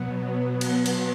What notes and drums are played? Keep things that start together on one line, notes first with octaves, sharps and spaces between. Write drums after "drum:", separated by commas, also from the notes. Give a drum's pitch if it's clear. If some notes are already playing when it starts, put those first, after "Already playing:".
Already playing: B2 F#3 B3
F#5, drum: cymbal
drum: cymbal